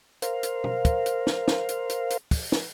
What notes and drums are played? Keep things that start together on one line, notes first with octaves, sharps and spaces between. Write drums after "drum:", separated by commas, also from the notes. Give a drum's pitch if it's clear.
A#4 C5 F5, drum: hi-hat
drum: hi-hat
drum: tom
drum: kick, hi-hat
drum: hi-hat
drum: snare
drum: snare
drum: hi-hat
drum: hi-hat
drum: hi-hat
drum: kick, open hi-hat
drum: snare